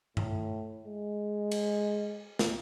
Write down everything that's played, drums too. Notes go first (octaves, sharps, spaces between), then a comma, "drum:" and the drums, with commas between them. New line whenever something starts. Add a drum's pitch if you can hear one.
A2, drum: tom G2
G#3
drum: cymbal
drum: snare